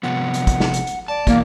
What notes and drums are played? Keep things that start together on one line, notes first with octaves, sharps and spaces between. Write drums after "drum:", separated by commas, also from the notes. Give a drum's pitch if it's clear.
C3 F3 B3 F#5
drum: hi-hat
drum: kick, hi-hat
drum: snare
drum: hi-hat
drum: hi-hat
D5 A5
B2 E3 A#3, drum: kick, hi-hat